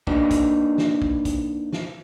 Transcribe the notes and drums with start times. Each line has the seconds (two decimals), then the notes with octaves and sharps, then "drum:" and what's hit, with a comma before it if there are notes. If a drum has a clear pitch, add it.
0.07 A#3 D4 D#4 G4 B4 D5, drum: kick
0.31 drum: kick, hi-hat
0.78 drum: snare
1.02 drum: kick
1.25 drum: kick, hi-hat
1.73 drum: snare